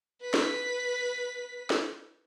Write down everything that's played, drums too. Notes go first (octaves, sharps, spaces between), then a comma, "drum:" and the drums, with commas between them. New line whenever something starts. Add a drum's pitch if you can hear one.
B4 B6
drum: snare
drum: snare